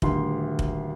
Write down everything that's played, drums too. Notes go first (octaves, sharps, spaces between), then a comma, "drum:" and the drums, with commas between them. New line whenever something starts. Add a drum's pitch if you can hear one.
D#1 D2 C6, drum: kick
drum: kick